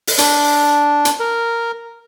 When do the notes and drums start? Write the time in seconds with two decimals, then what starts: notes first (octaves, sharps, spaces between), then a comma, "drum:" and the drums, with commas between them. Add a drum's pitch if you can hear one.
0.07 drum: open hi-hat
0.18 D4, drum: hi-hat
1.05 drum: hi-hat
1.20 A#4